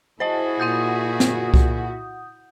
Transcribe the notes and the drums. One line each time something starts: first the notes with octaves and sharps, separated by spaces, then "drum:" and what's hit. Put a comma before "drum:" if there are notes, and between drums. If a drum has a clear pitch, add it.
E4 F#4 G#4 C5 D#5 A5
A#2 F#5 D#6 G6
drum: snare
drum: kick C2